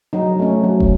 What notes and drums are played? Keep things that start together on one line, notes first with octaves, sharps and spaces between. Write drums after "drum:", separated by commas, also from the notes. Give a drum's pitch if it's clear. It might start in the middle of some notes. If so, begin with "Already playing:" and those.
F#3 D#4
A3 C#4
F#3
drum: kick